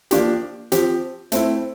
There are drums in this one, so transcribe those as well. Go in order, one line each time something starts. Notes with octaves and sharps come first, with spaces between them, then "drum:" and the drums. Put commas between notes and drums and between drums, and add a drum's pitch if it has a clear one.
F3 A#3 D4 G4, drum: hi-hat
F3 C4 G4, drum: hi-hat
A3 C4 E4, drum: hi-hat